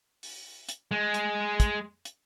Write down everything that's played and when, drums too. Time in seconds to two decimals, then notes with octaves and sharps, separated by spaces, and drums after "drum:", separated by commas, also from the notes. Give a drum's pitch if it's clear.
0.23 drum: open hi-hat
0.69 drum: hi-hat
0.91 G#3
1.14 drum: hi-hat
1.60 drum: kick, hi-hat
2.05 drum: hi-hat